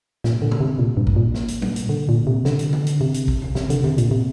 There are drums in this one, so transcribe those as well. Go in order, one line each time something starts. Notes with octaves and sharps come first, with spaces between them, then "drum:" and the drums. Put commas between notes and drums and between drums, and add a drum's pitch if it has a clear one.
A#2, drum: snare
D3
drum: tom A#2
C3
A#2
G2
drum: kick
A#2
drum: snare
drum: hi-hat
drum: tom F#3
drum: hi-hat
D3
A#2
C3
D3, drum: snare
drum: hi-hat
drum: tom D3
drum: hi-hat
C3
drum: hi-hat
drum: kick
drum: tom E2
C3, drum: snare
D3, drum: hi-hat
C3, drum: tom E2
A#2, drum: hi-hat
C3